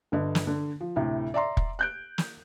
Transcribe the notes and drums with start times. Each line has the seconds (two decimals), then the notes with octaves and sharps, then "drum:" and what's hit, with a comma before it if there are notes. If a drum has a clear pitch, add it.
0.12 G1 D3 D#5
0.35 drum: snare
0.47 D3
0.81 F3
0.96 D2 A2 C3
1.34 D5 E5 A#5 C6
1.57 drum: kick
1.79 F#6 G6 D7
2.18 drum: snare